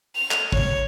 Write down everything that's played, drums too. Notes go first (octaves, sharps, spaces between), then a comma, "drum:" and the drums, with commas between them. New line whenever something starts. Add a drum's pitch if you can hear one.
F7
drum: clap
C#5, drum: kick